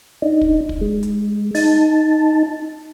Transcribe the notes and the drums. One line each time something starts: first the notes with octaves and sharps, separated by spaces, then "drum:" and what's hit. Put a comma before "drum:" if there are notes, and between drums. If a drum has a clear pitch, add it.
D4 D#4
drum: kick
drum: kick
G#3
drum: hi-hat
D#4 A5, drum: open hi-hat